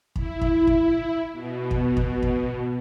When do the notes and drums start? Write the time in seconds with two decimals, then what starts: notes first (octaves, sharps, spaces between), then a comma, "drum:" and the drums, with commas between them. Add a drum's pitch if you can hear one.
0.16 E4, drum: kick
0.41 drum: kick
0.67 drum: kick
1.32 B2
1.71 drum: kick
1.97 drum: kick
2.22 drum: kick